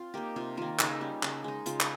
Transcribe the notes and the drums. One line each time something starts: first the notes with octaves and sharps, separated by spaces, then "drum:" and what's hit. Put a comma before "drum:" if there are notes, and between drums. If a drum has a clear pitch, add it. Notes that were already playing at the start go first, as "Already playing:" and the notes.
Already playing: C4 F4
A#3 D#4 G4
C3 F4
D#3 A#3 F4
C#3 D#4, drum: clap
G3 C#4
C#3, drum: clap
G#3 D#4
C#3 F4, drum: hi-hat
drum: clap